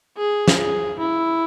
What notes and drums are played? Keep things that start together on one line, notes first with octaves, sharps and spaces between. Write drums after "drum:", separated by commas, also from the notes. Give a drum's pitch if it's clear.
G#4
drum: snare
G#4
E4